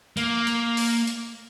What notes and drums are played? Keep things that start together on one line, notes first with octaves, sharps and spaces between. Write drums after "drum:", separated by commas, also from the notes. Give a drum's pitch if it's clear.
A#3, drum: hi-hat
drum: hi-hat
drum: open hi-hat
drum: hi-hat